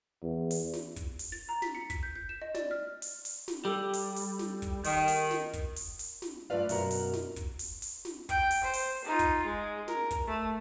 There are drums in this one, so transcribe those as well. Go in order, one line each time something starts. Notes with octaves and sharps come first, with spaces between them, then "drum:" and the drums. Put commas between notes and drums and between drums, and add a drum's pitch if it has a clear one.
E2
drum: open hi-hat
drum: snare
drum: kick, hi-hat
drum: open hi-hat
A6
A#5
B6, drum: snare
C#7
B6, drum: kick, hi-hat
G6
G6
E7
D#5
D5, drum: snare
F6
drum: open hi-hat
drum: open hi-hat
drum: snare
G3 G4 A4
drum: open hi-hat
drum: open hi-hat
drum: snare
drum: kick, hi-hat
D#3, drum: open hi-hat
drum: open hi-hat
drum: snare
drum: kick, hi-hat
drum: open hi-hat
drum: open hi-hat
drum: snare
G2 A3 F4 B4 D5 F5
F#2 B2 F#4 A#4, drum: open hi-hat
drum: open hi-hat
drum: snare
drum: kick, hi-hat
drum: open hi-hat
drum: open hi-hat
drum: snare
G5, drum: kick, hi-hat
drum: open hi-hat
C5
drum: open hi-hat
D#4 F4
drum: kick, hi-hat
G#3
A#4, drum: snare
drum: kick, hi-hat
A3